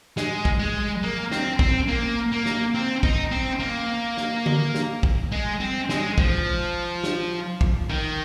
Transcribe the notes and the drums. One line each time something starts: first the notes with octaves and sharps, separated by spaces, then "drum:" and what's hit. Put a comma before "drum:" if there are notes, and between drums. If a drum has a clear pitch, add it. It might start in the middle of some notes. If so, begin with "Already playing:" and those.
G#3, drum: snare
drum: kick
G#3
A#3
C4, drum: snare
C4, drum: kick
A#3
A#3
drum: snare
C4
D#4, drum: kick
C4
A#3
drum: snare
drum: tom D3
drum: snare
drum: kick
G#3
C4
G#3, drum: snare
F3, drum: kick
drum: snare
drum: kick
D#3